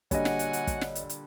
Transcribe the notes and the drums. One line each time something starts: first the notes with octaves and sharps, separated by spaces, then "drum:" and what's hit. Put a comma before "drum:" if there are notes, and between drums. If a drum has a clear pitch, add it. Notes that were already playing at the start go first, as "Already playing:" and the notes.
A#2 D3 G3 F#4 C#5 D#5 F#5 G#5, drum: kick, hi-hat
drum: snare
drum: hi-hat
drum: hi-hat
drum: kick, hi-hat
drum: snare
drum: hi-hat
drum: hi-hat